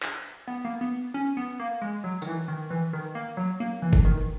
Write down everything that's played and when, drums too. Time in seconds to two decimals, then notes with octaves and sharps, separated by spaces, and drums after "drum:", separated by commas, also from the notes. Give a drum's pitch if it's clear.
0.02 drum: clap
0.47 B3
0.65 A#3
0.81 B3
1.14 C#4
1.37 B3
1.59 A#3
1.81 G#3
2.04 F#3
2.22 D#3, drum: tambourine
2.27 E3
2.48 D#3
2.70 E3
2.93 D#3
3.15 A#3
3.37 F#3
3.60 A#3
3.82 E3
3.93 drum: kick
4.05 D#3